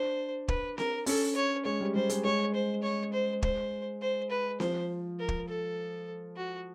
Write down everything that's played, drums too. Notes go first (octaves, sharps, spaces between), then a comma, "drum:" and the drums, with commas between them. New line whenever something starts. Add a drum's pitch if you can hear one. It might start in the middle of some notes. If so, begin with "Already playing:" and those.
Already playing: D4 C5
B4, drum: kick
A#4, drum: snare C4
C#4 A4, drum: open hi-hat
C#5
G#3 C#5
G3
G3 C5
G#3, drum: hi-hat
G#3 C#5
C5
C#5
C5
C5, drum: kick
C5
B4
F3 C5, drum: snare C4
A#4
drum: kick
A4
F#4